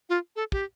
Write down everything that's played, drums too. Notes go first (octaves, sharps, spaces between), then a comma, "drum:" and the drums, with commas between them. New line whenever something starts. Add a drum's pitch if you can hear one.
F4
A4
G4, drum: kick